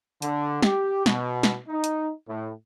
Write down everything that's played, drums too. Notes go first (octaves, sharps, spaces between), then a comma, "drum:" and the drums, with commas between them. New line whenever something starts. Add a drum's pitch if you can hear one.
D3, drum: hi-hat
G4, drum: snare
B2, drum: snare
drum: snare
D#4
drum: hi-hat
A2